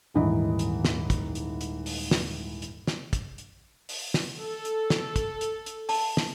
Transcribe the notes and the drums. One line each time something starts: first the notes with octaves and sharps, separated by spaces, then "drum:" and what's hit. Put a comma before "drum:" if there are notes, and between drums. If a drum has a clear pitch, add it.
D#1 G#2 E3 D#4 D#5
drum: hi-hat
drum: snare
drum: kick, hi-hat
drum: hi-hat
drum: hi-hat
drum: open hi-hat
drum: snare
drum: hi-hat
drum: snare
drum: kick, hi-hat
drum: hi-hat
drum: open hi-hat
drum: snare
A4
drum: hi-hat
drum: snare
drum: kick, hi-hat
drum: hi-hat
drum: hi-hat
A5, drum: open hi-hat
drum: snare